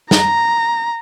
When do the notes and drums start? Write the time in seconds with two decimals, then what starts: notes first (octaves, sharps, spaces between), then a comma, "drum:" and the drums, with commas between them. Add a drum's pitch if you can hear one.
0.11 A#5, drum: snare